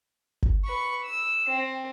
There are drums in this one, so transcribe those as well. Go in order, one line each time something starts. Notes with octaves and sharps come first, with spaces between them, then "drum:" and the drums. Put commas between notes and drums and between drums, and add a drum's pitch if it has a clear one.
drum: kick G1
B4 C#6
E6
C4